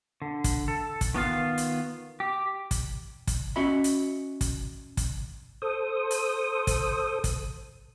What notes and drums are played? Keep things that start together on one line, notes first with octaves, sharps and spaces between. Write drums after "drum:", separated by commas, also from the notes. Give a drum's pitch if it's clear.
D3
drum: kick, hi-hat
A4
drum: kick, hi-hat
D#3 B3 F4 F5
drum: hi-hat
G4
drum: kick, hi-hat
drum: kick, hi-hat
C#4 F#4 D#5 E5 B5
drum: hi-hat
drum: kick, hi-hat
drum: kick, hi-hat
A4 C5 D#6
drum: hi-hat
drum: kick, hi-hat
drum: kick, hi-hat